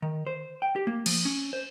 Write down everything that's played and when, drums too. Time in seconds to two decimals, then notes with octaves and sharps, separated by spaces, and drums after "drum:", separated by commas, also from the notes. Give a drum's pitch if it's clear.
0.02 D#3
0.27 C5
0.62 G5
0.76 G4
0.87 A#3
1.06 F3, drum: cymbal
1.25 C#4
1.53 C5